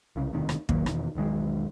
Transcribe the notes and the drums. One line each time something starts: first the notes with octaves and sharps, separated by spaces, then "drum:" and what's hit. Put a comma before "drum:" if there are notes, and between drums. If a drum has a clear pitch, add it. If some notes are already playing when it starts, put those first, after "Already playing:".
C2 C#3
E1 D2 C3 D#3
drum: rim click
B1 D#3 F#3 A#3, drum: kick
E2 B2 D#3, drum: rim click
E1 B1 D#3 G#3